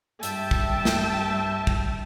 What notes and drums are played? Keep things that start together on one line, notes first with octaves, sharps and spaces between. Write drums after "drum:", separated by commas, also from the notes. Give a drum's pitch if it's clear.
G2 E5 G5 A5, drum: hi-hat
drum: kick
drum: snare
drum: kick